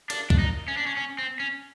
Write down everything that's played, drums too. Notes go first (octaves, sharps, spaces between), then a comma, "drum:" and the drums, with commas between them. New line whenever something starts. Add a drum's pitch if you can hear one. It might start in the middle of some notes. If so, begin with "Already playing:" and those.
D4, drum: cymbal
D4, drum: kick
D#4
C#4
D4
C#4
C#4
C4
C#4